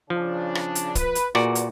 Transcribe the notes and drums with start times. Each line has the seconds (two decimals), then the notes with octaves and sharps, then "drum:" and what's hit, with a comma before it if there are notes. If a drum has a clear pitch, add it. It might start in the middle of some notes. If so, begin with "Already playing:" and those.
0.10 C#3 F3 D4
0.55 drum: rim click
0.75 drum: hi-hat
0.95 B4, drum: kick, hi-hat
1.15 drum: hi-hat
1.35 E2 A#2 F#4 D5, drum: rim click
1.55 drum: hi-hat